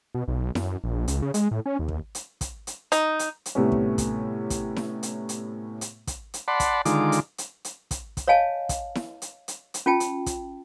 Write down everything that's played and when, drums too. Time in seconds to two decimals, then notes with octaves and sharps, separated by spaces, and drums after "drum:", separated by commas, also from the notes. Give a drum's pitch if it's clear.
0.15 B2
0.28 B1
0.55 F#2, drum: snare E4
0.84 A#1
1.08 C#2, drum: hi-hat
1.22 C#3
1.34 G#3, drum: hi-hat
1.51 A2
1.66 C#4
1.79 D#2
1.88 drum: kick
2.15 drum: hi-hat
2.41 drum: kick, hi-hat
2.67 drum: hi-hat
2.92 D#4, drum: hi-hat
3.19 drum: hi-hat
3.46 drum: hi-hat
3.55 A2 C3 G3 A3 B3 C#4
3.72 drum: kick
3.98 drum: kick, hi-hat
4.50 drum: kick, hi-hat
4.76 drum: snare E4
5.03 drum: hi-hat
5.29 drum: hi-hat
5.81 drum: hi-hat
6.07 drum: kick, hi-hat
6.34 drum: hi-hat
6.48 D5 F#5 A5 B5 C6
6.60 drum: kick, hi-hat
6.85 D3 D#3 G#3 F4 D6, drum: hi-hat
7.12 drum: hi-hat
7.38 drum: hi-hat
7.65 drum: hi-hat
7.91 drum: kick, hi-hat
8.17 drum: kick, hi-hat
8.28 C#5 D#5 F5 G#5 A5
8.69 drum: kick, hi-hat
8.95 drum: snare E4
9.22 drum: hi-hat
9.48 drum: hi-hat
9.74 drum: hi-hat
9.86 C#4 F4 G5 A5
10.00 drum: hi-hat
10.26 drum: kick, hi-hat